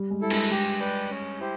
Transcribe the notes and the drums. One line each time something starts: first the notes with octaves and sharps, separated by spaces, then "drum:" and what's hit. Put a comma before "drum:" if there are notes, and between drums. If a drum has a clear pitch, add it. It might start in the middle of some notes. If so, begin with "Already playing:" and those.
Already playing: G3
G#3
E4 A4
G#3, drum: cymbal
G#3 G4
B4 D5 G5
C#4
E4 G4 C5